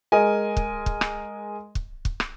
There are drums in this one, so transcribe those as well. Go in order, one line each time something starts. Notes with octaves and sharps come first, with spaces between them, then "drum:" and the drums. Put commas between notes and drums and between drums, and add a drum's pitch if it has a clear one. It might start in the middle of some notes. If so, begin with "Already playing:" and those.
G#3 A#4 D#5 G#5
drum: kick
drum: kick
drum: rim click
drum: kick
drum: kick
drum: rim click